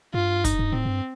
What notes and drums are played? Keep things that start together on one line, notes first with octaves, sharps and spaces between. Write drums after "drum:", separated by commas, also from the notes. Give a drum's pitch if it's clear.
G2 F4
D#4, drum: kick, hi-hat
G2
A2 C4
G2